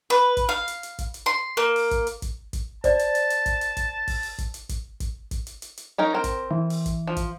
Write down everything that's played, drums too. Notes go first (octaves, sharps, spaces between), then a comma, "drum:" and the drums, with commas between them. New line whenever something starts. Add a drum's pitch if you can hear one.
B4
drum: kick, hi-hat
F5
drum: hi-hat
drum: hi-hat
drum: kick, hi-hat
drum: hi-hat
C6
A#3
drum: open hi-hat
drum: kick, hi-hat
drum: hi-hat
drum: kick, hi-hat
drum: kick, hi-hat
C5 D5 A5, drum: kick, hi-hat
drum: hi-hat
drum: hi-hat
drum: hi-hat
drum: kick, hi-hat
drum: hi-hat
drum: kick, hi-hat
drum: kick, open hi-hat
drum: open hi-hat
drum: kick, hi-hat
drum: hi-hat
drum: kick, hi-hat
drum: kick, hi-hat
drum: kick, hi-hat
drum: hi-hat
drum: hi-hat
drum: hi-hat
C#4 D#4 A#4
C4 A#4
drum: kick, hi-hat
E3
drum: open hi-hat
drum: kick, hi-hat
F3
drum: kick, hi-hat